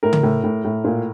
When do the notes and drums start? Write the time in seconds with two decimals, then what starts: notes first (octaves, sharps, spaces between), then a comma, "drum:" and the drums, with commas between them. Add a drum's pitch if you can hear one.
0.03 A2 A#4
0.13 drum: tom C#3
0.23 A2
0.44 A2
0.64 A2
0.84 A#2